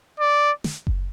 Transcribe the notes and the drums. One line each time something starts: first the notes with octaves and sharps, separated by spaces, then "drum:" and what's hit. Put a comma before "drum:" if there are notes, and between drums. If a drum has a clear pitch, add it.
D5
drum: snare
drum: kick F#1